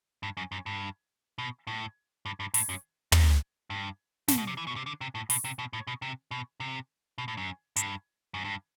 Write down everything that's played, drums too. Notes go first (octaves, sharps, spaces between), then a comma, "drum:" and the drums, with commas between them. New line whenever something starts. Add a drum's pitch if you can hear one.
G2
F#2
F#2
G2
B2
A2
G2
G2
A2, drum: open hi-hat
F#2
F#2, drum: tom
G2
A2, drum: snare
B2
C3
E3
B2
C3
D3
C3
A2
B2, drum: open hi-hat
C3
B2
A2
B2
C3
B2
C3
B2
A2
F#2
G2, drum: hi-hat
F#2
G2